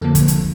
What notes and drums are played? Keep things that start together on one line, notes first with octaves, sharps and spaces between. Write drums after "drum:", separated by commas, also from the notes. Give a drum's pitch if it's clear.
F2 D3 F3 A#3 A4
drum: kick, hi-hat
drum: hi-hat